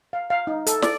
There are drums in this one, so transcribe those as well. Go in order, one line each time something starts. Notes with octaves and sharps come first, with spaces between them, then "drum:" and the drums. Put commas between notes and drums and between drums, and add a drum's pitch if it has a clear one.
F5
F5
D#4
A4, drum: hi-hat
D5, drum: snare